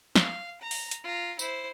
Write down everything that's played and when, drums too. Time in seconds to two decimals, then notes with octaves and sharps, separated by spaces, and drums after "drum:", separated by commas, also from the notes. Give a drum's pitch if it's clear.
0.16 F5, drum: snare
0.61 A#5
0.71 drum: open hi-hat
0.91 drum: hi-hat
1.04 F4 A#5
1.39 E4 C5, drum: tambourine